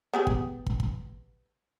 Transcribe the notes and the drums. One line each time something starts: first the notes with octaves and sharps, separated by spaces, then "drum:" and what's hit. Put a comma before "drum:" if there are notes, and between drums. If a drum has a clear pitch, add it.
B3 G4 G#4
drum: kick
drum: kick
drum: kick